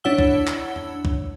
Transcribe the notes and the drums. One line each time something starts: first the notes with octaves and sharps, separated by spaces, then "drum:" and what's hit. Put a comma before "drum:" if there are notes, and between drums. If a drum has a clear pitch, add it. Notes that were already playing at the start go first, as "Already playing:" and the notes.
D4 E4 C#5 F#5 E6 G7
drum: kick
drum: clap
drum: tom E2
drum: kick